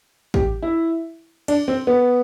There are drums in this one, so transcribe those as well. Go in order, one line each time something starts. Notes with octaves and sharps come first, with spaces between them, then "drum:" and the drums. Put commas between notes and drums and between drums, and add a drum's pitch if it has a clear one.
G4, drum: kick A1
E4
D4, drum: cymbal
C4
B3